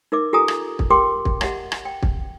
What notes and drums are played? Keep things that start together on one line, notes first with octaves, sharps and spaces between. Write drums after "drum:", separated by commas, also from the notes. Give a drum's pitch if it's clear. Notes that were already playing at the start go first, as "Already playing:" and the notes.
D#4 A#4 E5 D6
F4 G4 A4 G#5 A#5 D#6
drum: rim click
drum: kick
G4 A#4 G5 C6 D6
drum: kick
G4 D#5 E5 F#5 A5, drum: rim click
drum: rim click
G5
drum: kick